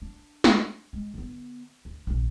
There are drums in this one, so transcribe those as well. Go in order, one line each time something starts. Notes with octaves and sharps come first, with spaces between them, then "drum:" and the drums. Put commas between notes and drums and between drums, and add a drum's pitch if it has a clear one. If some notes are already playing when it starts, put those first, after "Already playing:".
D4
drum: snare
G#3
D3 B3
D2
A#1 D#2